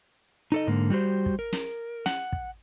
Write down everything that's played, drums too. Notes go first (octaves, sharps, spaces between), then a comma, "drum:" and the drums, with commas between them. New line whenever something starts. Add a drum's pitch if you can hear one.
D#4 A4 D#5
G#2 D3 A#3
G3 F#4 G4 C5
drum: kick
A#4
drum: snare
F#5, drum: snare
drum: kick